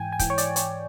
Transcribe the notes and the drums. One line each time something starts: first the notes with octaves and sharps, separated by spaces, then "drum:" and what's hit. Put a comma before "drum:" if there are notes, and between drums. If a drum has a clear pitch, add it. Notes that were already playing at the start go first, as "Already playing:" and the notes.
Already playing: G#2 E3 G5 G#5
G#5
G#2 E3 G5, drum: kick, hi-hat
C#5
D5, drum: hi-hat
C#5, drum: hi-hat